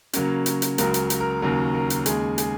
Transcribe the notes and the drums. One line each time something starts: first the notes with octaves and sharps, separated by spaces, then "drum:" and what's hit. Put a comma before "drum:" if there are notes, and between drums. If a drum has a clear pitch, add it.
C#3 F#3 A#3 C#4, drum: hi-hat
drum: hi-hat
drum: hi-hat
C#2 C#3 F#3 A#4, drum: hi-hat
drum: hi-hat
drum: hi-hat
A#4
D#2 C#3 F#3 A#4
A#4
drum: hi-hat
D#2 C#3 G#3 G#4, drum: hi-hat
G#4, drum: hi-hat